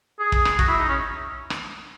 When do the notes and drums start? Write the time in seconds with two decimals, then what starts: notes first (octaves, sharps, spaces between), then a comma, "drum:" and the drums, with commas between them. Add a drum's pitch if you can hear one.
0.20 G#4
0.32 drum: kick
0.45 drum: rim click
0.59 F#4, drum: kick
0.68 E4
0.78 D#4
0.88 C#4
1.50 drum: rim click